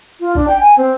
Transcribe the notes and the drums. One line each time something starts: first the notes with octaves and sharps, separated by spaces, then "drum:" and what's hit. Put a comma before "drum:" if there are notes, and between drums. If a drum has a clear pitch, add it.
F4
D4, drum: kick
G5
G#5
C4